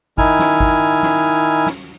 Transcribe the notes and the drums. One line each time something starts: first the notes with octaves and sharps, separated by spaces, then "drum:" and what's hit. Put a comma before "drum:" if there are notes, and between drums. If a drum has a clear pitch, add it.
D#3 D#4 E4 G#5 F6, drum: kick G#1
drum: snare
drum: kick G#1
drum: snare
drum: snare